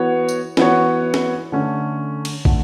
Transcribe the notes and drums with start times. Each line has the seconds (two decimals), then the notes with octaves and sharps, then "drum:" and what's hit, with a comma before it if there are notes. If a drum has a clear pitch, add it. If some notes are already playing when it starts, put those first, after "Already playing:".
Already playing: E3 B3 F#4 C#5
0.29 drum: tambourine
0.57 E3 B3 F#4 C#5, drum: snare
1.14 drum: snare
1.52 D3 A3 C#4
2.25 drum: cymbal
2.45 D3 A3, drum: kick